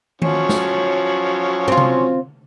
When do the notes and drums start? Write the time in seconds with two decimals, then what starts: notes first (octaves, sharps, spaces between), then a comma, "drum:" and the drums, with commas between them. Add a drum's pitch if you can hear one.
0.22 F3 F#3 C#4, drum: tom D#3
0.49 drum: snare
1.68 C4 F4
1.77 drum: tom C3